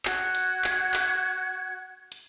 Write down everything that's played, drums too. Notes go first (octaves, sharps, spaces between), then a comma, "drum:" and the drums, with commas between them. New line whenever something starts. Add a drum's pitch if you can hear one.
F#4 F#5 G#6, drum: clap
drum: hi-hat
drum: clap
drum: clap
drum: hi-hat